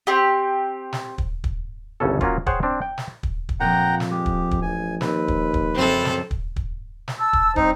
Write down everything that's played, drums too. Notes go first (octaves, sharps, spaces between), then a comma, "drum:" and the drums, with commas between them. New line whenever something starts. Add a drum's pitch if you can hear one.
C4 G4
drum: snare
drum: kick
drum: kick
G1 C2 C#3 C#4 A4
F#3 A#3 C#4 F4, drum: kick
G#4 C5 C#5 F#5 G5, drum: kick
C4 D4
G5
drum: snare
drum: kick
drum: kick
F2 A#2 F3 F#5 G5 A#5
drum: snare
G#3 G4
drum: kick
drum: kick
A1 G#5
D#2 C4 B4, drum: snare
drum: kick
drum: kick
C#2 F#2 C4 A4
drum: snare
drum: kick
drum: kick
drum: snare
A5 E6
drum: kick
G3 C4 D#4 C5, drum: kick